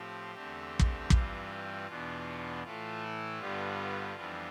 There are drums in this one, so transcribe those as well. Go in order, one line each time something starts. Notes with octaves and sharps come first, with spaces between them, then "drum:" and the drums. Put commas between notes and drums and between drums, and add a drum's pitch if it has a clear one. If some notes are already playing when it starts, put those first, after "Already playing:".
Already playing: A2 F3 C4 G4
E2 D3 A3 C4
drum: kick
G2 E3 G3 C4 F4, drum: kick
E2 B2 B3 D4
A2 E3 A3 F4
E4
G2 D3 G3 B3 F4
F2 E3 G3 B3 D4